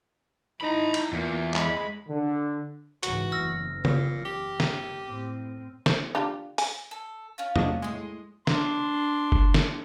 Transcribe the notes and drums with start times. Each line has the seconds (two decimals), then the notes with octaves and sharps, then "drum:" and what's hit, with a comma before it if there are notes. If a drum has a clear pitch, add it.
0.61 D#4 E4 A#5 B5
0.94 drum: cymbal
1.13 E2 A#3 F4
1.54 G#3 B5, drum: clap
2.09 D3
3.03 C#2 G#2 E3 F#4, drum: hi-hat
3.32 F#1 E2 E6 F6 A#6
3.85 A#2, drum: tom C#3
4.25 G4
4.60 D#7, drum: snare
5.06 A2 C4
5.86 C5, drum: snare
6.15 D4 F4 G4
6.58 G#5, drum: open hi-hat
6.91 A4
7.38 C#4 F4
7.56 F#3 D4 D#5, drum: tom E2
7.82 A2 G#3 D#5 C6
8.47 D4 C6, drum: snare
9.32 drum: kick F#1
9.54 drum: snare